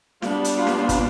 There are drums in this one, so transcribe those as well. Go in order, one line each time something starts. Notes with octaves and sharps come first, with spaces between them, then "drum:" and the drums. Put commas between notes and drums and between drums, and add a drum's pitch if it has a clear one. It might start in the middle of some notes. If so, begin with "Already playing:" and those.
G3 B3 D4 F4, drum: snare
drum: hi-hat
F4
drum: snare
drum: kick, hi-hat